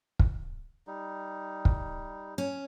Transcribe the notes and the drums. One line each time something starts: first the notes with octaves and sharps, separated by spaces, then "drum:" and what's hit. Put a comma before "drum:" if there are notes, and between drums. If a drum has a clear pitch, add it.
drum: kick
G3 D#4
drum: kick
C#4